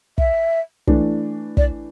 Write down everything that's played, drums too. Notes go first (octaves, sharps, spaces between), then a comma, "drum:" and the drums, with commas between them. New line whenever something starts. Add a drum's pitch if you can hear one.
E5, drum: kick
E3 A3 D4, drum: kick
D5, drum: kick